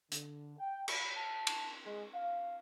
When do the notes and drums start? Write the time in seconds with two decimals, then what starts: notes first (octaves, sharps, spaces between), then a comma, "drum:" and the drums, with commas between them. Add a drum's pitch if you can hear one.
0.12 D3, drum: hi-hat
0.59 G5
0.88 B5, drum: cymbal
1.16 A5
1.47 drum: cymbal
1.85 G#3
2.14 F5